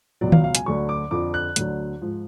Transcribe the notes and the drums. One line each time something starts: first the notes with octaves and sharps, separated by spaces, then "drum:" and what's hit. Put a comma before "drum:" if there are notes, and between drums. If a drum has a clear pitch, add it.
C#2 B2 F#3 D5
F5, drum: tom D#3
F5
G#5, drum: hi-hat
D2 D3 F#3 C#6
D6
F2 D3 F3 D6
F#6
D2 D3 F#3, drum: hi-hat
G#2 F3